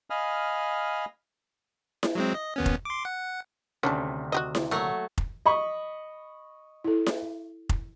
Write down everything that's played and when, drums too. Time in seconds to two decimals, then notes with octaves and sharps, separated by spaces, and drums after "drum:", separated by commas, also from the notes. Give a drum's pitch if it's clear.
0.10 D#5 F5 G#5 B5 D#6 F6
2.03 drum: snare E4
2.15 F#3 G#3 C4
2.34 D#5
2.56 D#2 B3 C#4
2.66 drum: kick F1
2.85 C6 D6
3.05 F#5
3.83 D2 C3 D#3 C#4 D4 A4
4.32 F#4 G4 D#5
4.55 drum: snare E4
4.71 F#3 A3 A#3
5.18 drum: kick F1
5.46 D#5 B5 C#6
6.84 E4 A4
7.06 drum: snare E4
7.69 drum: kick F1